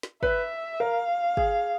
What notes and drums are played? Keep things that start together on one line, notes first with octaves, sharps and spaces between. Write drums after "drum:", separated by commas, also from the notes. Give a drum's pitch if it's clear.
drum: snare
B4 E5, drum: kick
A#4 F5
G#4, drum: kick